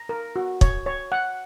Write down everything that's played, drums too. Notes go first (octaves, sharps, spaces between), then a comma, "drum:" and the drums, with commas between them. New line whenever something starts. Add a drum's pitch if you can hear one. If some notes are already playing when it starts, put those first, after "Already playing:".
Already playing: A#5
A#4
F#4
C#5, drum: kick
C#5
F#5